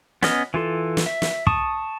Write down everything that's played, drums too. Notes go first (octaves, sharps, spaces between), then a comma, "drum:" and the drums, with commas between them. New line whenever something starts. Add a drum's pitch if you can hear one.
B3 C#4 D#5 F6, drum: snare
E3 F4 A4
drum: snare
E5
drum: snare
A5 C#6 D#6, drum: kick